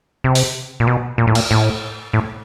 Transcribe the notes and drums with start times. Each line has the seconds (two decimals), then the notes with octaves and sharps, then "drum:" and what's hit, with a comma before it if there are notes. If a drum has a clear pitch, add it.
0.24 C3
0.35 drum: open hi-hat
0.80 A#2
0.87 B2
1.18 A#2
1.27 A2
1.35 A#2, drum: cymbal
1.51 A2
2.13 A2